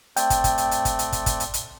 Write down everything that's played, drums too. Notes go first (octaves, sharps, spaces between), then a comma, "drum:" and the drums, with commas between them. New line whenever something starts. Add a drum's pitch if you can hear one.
A3 C4 D5 G5, drum: hi-hat
drum: kick, hi-hat
drum: kick, hi-hat
drum: hi-hat
drum: hi-hat
drum: kick, hi-hat
drum: hi-hat
drum: kick, hi-hat
drum: kick, hi-hat
drum: hi-hat
drum: hi-hat